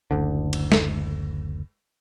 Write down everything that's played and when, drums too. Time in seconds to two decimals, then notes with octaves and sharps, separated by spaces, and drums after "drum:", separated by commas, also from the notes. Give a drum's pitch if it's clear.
0.11 F#1 D2 D3
0.53 drum: cymbal
0.72 drum: snare